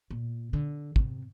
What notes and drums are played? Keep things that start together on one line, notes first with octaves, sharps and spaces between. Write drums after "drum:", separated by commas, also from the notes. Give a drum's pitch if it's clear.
A#2
D3
C3, drum: kick